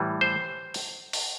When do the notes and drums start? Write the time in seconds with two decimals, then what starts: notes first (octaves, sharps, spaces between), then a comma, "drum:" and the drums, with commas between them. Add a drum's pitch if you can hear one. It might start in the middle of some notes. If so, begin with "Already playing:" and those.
Already playing: A2 E3 G3
0.21 C5
0.74 drum: open hi-hat
1.13 drum: open hi-hat